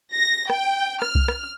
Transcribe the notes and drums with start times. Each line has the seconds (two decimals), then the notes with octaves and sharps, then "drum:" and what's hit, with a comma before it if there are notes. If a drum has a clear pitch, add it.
0.13 A#6
0.50 G5, drum: rim click
1.02 F6, drum: rim click
1.15 drum: kick C2
1.28 drum: rim click